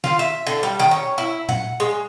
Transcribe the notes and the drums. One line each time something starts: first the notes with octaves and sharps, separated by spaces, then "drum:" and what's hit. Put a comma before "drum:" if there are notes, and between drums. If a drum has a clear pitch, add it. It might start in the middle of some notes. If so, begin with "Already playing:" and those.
F4, drum: snare
E5
D3
G3
D#3
C#4
E4
F#5, drum: tom A#2
G#3